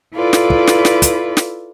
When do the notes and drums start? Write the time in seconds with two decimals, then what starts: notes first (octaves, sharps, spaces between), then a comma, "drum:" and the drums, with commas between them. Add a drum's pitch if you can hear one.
0.15 E4 F4 A4 B4 D5
0.33 drum: snare
0.50 drum: kick
0.67 drum: snare
0.85 drum: snare
1.02 drum: kick, hi-hat
1.37 drum: snare